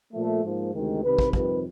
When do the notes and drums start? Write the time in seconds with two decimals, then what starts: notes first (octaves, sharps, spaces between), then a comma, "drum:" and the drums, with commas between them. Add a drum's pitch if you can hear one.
0.13 A#2 F3 A3
0.43 G#2 F3 A#3
0.73 D2 C3 D#3 G#3
1.03 C2 C3 D#3 B4
1.19 drum: kick
1.33 F2 C3 D#3 G3 B4, drum: kick